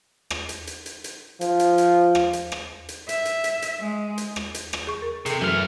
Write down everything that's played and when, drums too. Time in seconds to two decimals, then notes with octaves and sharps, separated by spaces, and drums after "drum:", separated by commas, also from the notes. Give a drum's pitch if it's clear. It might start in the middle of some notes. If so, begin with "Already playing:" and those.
0.30 drum: rim click
0.49 drum: hi-hat
0.67 drum: hi-hat
0.86 drum: hi-hat
1.04 drum: hi-hat
1.41 F3, drum: hi-hat
1.59 drum: hi-hat
1.78 drum: hi-hat
2.15 drum: rim click
2.33 drum: hi-hat
2.52 drum: rim click
2.89 drum: hi-hat
3.09 E5, drum: hi-hat
3.25 drum: hi-hat
3.44 drum: hi-hat
3.62 drum: hi-hat
3.80 G#3
4.18 drum: hi-hat
4.36 drum: rim click
4.54 drum: hi-hat
4.73 drum: rim click
4.87 G#4 C#6
5.02 A#4
5.26 C3 G#4 A4, drum: hi-hat
5.41 F#2 E3 A3 F6